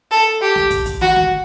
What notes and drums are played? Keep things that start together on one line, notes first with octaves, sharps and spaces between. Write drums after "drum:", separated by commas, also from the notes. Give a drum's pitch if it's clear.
A4
G4
drum: snare
drum: kick, hi-hat
drum: kick, hi-hat
F#4, drum: tom D#3
drum: snare